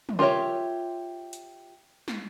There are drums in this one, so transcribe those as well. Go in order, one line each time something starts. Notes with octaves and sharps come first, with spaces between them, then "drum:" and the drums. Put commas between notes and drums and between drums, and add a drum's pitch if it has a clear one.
drum: tom
F4 G4 A#4 C#5 E5
drum: hi-hat
drum: snare